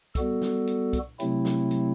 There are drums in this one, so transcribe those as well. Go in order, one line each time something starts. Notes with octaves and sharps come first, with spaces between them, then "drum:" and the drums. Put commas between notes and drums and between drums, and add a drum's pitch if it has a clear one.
G3 B3 F#4 A4, drum: kick, hi-hat
drum: snare
drum: hi-hat
drum: kick, hi-hat
C3 F#3 A3 C4 E4, drum: hi-hat
drum: snare
drum: hi-hat